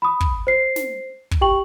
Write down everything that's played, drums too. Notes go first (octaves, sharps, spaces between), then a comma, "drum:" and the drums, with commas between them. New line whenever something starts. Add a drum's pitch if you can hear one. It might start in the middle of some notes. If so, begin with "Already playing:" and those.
B5 D#6
drum: kick
C5 C7
drum: snare
drum: kick
G4 G5 C#6 F#7